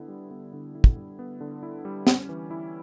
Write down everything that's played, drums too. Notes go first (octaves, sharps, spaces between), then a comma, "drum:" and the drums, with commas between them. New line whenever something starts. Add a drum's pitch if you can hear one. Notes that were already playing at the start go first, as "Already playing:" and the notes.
Already playing: D3 B3 E4
G3
B3
D3
E4
drum: kick
G3
B3
D3
E4
G3
C#4, drum: snare
E3
E4